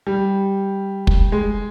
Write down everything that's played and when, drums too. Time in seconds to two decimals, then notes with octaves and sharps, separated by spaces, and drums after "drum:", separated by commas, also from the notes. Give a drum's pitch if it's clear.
0.07 G3
1.07 drum: kick
1.32 G#3